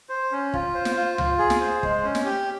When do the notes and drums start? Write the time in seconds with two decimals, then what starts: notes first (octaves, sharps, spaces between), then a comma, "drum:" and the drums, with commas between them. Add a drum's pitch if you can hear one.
0.09 C5
0.32 C#4
0.53 F4, drum: kick
0.74 C5
0.85 drum: snare
0.96 F4
1.18 F4, drum: tom C#2
1.39 G#4
1.50 drum: snare
1.61 C5
1.83 G#3, drum: kick
2.04 C#4
2.15 drum: snare
2.25 G4